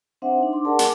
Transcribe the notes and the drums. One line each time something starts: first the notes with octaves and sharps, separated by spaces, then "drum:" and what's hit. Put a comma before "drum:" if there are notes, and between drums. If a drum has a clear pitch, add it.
C4 D4 C5 E5 F#5
D4 D#4
C6 D6
G#4 A#4 D5 F#5 A5
G#5 D6, drum: hi-hat